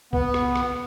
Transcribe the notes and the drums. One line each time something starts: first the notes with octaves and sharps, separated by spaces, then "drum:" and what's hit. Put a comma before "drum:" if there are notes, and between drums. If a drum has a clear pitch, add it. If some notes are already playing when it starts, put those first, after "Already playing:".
B3, drum: kick C2
drum: rim click
drum: rim click